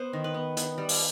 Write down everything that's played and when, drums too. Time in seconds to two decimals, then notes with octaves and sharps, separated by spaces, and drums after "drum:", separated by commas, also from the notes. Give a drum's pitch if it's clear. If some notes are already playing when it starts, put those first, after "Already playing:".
Already playing: B3 C5
0.13 D#3
0.24 B4
0.34 B3
0.57 B3, drum: hi-hat
0.78 G3
0.89 drum: open hi-hat